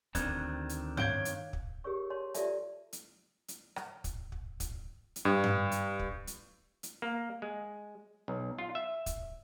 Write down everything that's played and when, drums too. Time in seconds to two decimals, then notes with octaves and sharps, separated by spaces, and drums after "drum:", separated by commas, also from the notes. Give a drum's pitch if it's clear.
0.15 D2 D#3 C4 D4 G#6, drum: kick, hi-hat
0.69 drum: hi-hat
0.97 C#5 F5 G6 G#6 D7 G7, drum: tom G2
1.25 drum: hi-hat
1.53 drum: kick
1.84 G4 G#4 A#4 C#5 C#6
2.10 C#5 A5 C6
2.34 F4 G4 A4 D5 E5 A5, drum: hi-hat
2.93 drum: hi-hat
3.48 drum: hi-hat
3.76 drum: rim click
4.04 drum: kick, hi-hat
4.32 drum: kick
4.60 drum: kick, hi-hat
5.16 drum: hi-hat
5.25 G2
5.44 drum: tom G2
5.72 drum: hi-hat
5.99 drum: kick
6.27 drum: hi-hat
6.83 drum: hi-hat
7.02 A#3
7.42 G#3
8.28 B1
8.58 F4
8.75 E5
9.06 drum: kick, hi-hat